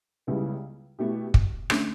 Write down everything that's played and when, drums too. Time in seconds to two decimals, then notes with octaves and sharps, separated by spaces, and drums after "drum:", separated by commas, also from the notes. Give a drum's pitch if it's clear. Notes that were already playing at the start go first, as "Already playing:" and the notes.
0.27 C#2 C#3 G3 B3 E4
0.99 B2 A3 E4 G4
1.34 drum: kick
1.70 D3 A3 C#4, drum: rim click